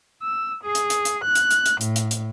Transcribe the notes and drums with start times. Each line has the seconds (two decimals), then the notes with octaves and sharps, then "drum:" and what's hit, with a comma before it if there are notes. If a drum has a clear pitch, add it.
0.21 E6
0.64 G#4
0.75 drum: hi-hat
0.90 drum: hi-hat
1.05 drum: hi-hat
1.23 F#6
1.35 drum: hi-hat
1.51 drum: hi-hat
1.66 drum: hi-hat
1.81 A2, drum: hi-hat
1.96 drum: hi-hat
2.11 drum: hi-hat